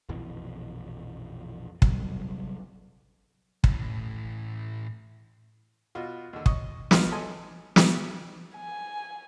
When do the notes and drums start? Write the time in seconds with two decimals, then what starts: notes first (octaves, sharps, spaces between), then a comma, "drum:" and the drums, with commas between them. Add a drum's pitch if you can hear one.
0.09 A#1 F2 B2 E3
1.82 C3 F#3 G3, drum: kick
3.64 A2 E3, drum: kick
5.95 B2 F4 F#4
6.33 D#2 D3
6.46 D#5 C#6, drum: kick
6.91 B3 F4 D#5 F5 C6 F6, drum: snare
7.12 A4 D#5 G#5 C6
7.76 drum: snare
8.56 G#5